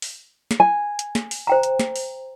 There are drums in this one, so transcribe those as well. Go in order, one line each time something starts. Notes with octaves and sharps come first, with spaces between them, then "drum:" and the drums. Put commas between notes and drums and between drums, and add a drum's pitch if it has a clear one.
drum: open hi-hat
drum: snare
G#5
drum: hi-hat
drum: snare
drum: open hi-hat
C5 G5 A#5
drum: hi-hat
drum: snare
drum: open hi-hat